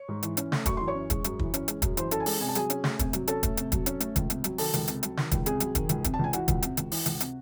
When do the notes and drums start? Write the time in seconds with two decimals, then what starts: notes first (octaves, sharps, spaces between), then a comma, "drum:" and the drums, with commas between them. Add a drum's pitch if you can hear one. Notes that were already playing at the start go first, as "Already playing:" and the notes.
Already playing: C#5 C#6
0.09 G#2
0.23 E3, drum: hi-hat
0.37 C#4, drum: hi-hat
0.52 A3, drum: snare
0.66 F#2 C#6, drum: kick, hi-hat
0.77 E3 C6
0.88 C#5 C#6
0.95 C#4
1.10 G#3, drum: kick, hi-hat
1.24 F#2, drum: hi-hat
1.39 E3, drum: kick
1.54 C#4, drum: hi-hat
1.68 G#3, drum: hi-hat
1.82 F#2, drum: kick, hi-hat
1.97 E3 C5 C6, drum: hi-hat
2.11 C#4 A4 A5, drum: hi-hat
2.20 G#5
2.26 G#3 A4 A5, drum: open hi-hat
2.40 C3 G#5
2.48 A5
2.55 F#3 G#4 G#5, drum: hi-hat
2.70 C#4, drum: hi-hat
2.84 A3, drum: snare
2.99 C3, drum: kick, hi-hat
3.13 F#3, drum: hi-hat
3.28 C#4 A4 A5, drum: hi-hat
3.43 A3, drum: kick, hi-hat
3.57 C3, drum: hi-hat
3.72 F#3, drum: kick, hi-hat
3.86 C#4, drum: hi-hat
4.00 A3, drum: hi-hat
4.16 C#2, drum: kick, hi-hat
4.30 C3, drum: hi-hat
4.44 F#3, drum: hi-hat
4.58 D#3 A4 A5, drum: open hi-hat
4.74 C#2, drum: hi-hat
4.88 C3, drum: hi-hat
5.03 F#3, drum: hi-hat
5.17 D#3, drum: snare
5.31 C#2, drum: kick, hi-hat
5.46 C3 G#4 G#5, drum: hi-hat
5.60 F#3, drum: hi-hat
5.75 D#3, drum: kick, hi-hat
5.89 C#2, drum: hi-hat
6.04 C3, drum: kick, hi-hat
6.14 A5
6.19 C#2 G#5
6.33 E3 F#4 F#5, drum: hi-hat
6.48 C#2, drum: kick, hi-hat
6.62 C3, drum: hi-hat
6.77 C#2, drum: hi-hat
6.92 E3, drum: open hi-hat
7.06 C#2, drum: hi-hat
7.20 C3, drum: hi-hat